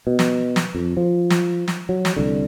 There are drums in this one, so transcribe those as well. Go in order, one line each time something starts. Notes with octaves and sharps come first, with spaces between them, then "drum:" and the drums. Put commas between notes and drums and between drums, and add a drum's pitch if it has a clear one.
B2
drum: snare
drum: snare
F2
F3
drum: snare
drum: snare
F#3
drum: snare
C2 D3